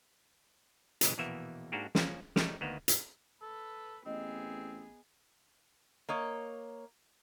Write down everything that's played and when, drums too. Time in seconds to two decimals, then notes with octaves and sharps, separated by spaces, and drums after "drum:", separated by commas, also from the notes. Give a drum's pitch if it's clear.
1.01 B1 A#2 C#3 E3 G#3, drum: hi-hat
1.18 A#1 E2 B2 E3 A#3 E5
1.72 G#2 A#3 D4 F#4 G4
1.95 F3 A#3 C#4, drum: snare
2.36 G3 A3 D#4 G4 A#4 C#5, drum: snare
2.61 D2 D#3 A#3 B3
2.88 drum: hi-hat
3.42 A4 B4
4.06 A1 B3 C4 G#4 D#5
6.09 A#3 C#5 D#5